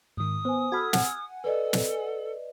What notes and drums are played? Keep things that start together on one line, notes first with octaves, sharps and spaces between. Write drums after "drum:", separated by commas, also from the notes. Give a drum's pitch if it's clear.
G#2 D#3 D#6
B3 C5 G#5
F#4 A4 B5 E6 F6 G#6
F#5 G#5, drum: snare
A4 B4 D5 D#5
drum: snare